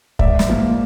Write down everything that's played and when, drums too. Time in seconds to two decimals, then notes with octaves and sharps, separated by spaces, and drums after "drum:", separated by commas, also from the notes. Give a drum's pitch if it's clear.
0.19 G#2 D5 E5, drum: kick
0.39 drum: snare
0.48 F3 A#3